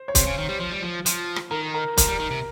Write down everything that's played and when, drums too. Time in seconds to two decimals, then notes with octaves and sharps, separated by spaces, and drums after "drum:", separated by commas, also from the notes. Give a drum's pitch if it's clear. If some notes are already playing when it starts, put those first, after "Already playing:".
Already playing: C5
0.08 C#5
0.15 C3 C5, drum: kick, hi-hat
0.26 C#3
0.38 D#3
0.49 G3
0.60 F3
0.72 G3
0.82 F3
1.06 F3, drum: hi-hat
1.36 drum: rim click
1.51 D#3 A#4
1.74 A#4
1.97 F3 A#4, drum: kick, hi-hat
2.08 G3
2.19 D#3
2.31 C3